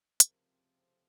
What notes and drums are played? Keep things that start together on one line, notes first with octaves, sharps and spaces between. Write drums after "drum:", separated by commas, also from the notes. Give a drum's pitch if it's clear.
C#2 C3 F3 C4 A#4, drum: hi-hat
A4